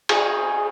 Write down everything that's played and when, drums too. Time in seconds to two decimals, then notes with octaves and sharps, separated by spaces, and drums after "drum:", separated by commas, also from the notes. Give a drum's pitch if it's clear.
0.09 G#4, drum: cymbal